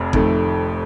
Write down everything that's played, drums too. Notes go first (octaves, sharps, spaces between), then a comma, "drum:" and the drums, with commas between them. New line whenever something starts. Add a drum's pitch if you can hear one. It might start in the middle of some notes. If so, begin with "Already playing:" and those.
Already playing: F1 F2
F1 F2 D#3 A3, drum: kick G1